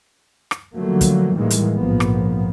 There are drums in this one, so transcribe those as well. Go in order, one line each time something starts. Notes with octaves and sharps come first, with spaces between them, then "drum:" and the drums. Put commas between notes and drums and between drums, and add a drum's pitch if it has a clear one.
drum: rim click
D3 F3 F#3 A3 A#3
drum: kick, hi-hat
A2 D#3 E3 G3 G#3 A#3
drum: hi-hat
A#1 G#2 F3 A#3 B3
drum: rim click